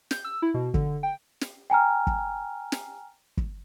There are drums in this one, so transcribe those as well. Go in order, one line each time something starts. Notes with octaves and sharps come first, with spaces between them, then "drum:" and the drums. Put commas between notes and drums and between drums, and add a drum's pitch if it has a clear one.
G6, drum: snare
E6
E4
B2
D3, drum: kick
G5
drum: snare
G5 G#5 A#5 F6
drum: kick
drum: snare
drum: kick